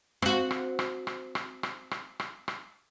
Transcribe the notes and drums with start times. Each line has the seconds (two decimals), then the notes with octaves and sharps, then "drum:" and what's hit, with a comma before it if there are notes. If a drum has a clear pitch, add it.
0.22 C4 F#4, drum: rim click
0.51 drum: rim click
0.79 drum: rim click
1.07 drum: rim click
1.35 drum: rim click
1.63 drum: rim click
1.91 drum: rim click
2.20 drum: rim click
2.48 drum: rim click